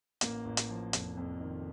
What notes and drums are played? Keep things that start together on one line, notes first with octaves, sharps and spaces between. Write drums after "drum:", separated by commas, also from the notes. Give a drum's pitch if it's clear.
A1 A#3, drum: hi-hat
A1
drum: hi-hat
F3
F1, drum: hi-hat
F2
D#3